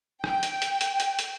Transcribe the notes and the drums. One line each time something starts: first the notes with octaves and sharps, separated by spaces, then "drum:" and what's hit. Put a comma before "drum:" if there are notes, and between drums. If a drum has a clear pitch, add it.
G5, drum: rim click
drum: hi-hat
drum: hi-hat
drum: hi-hat
drum: hi-hat
drum: hi-hat